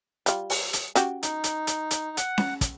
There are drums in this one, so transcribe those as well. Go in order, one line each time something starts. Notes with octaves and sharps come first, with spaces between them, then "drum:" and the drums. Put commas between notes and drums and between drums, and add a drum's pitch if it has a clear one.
G3 F4, drum: hi-hat
drum: open hi-hat
drum: hi-hat
C#4 F#4 G4, drum: hi-hat
D#4, drum: hi-hat
drum: hi-hat
drum: hi-hat
drum: hi-hat
F#5, drum: hi-hat
drum: snare C#4
drum: kick, hi-hat